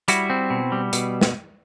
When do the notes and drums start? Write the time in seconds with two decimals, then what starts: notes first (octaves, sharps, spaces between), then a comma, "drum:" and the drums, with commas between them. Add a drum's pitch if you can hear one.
0.08 G3 E4 F#4, drum: hi-hat
0.30 C4
0.50 B2
0.72 G3
0.93 B2, drum: hi-hat
1.21 drum: snare